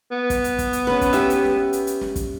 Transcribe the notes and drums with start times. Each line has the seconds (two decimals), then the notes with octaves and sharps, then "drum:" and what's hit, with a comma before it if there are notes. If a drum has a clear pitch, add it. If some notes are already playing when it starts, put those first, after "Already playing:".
0.11 B3
0.30 drum: kick, hi-hat
0.44 drum: hi-hat
0.58 drum: kick, hi-hat
0.73 drum: hi-hat
0.87 C#4 B4, drum: snare
1.01 drum: kick, hi-hat
1.13 G4 E5, drum: hi-hat
1.30 drum: hi-hat
1.44 drum: snare
1.73 drum: hi-hat
1.87 drum: hi-hat
2.01 drum: snare
2.16 drum: kick, hi-hat